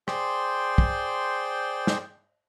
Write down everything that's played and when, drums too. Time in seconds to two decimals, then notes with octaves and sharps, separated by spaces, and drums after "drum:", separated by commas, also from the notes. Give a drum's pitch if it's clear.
0.08 G#4 C5 D5 G5 C6, drum: rim click
0.78 drum: kick
1.87 drum: snare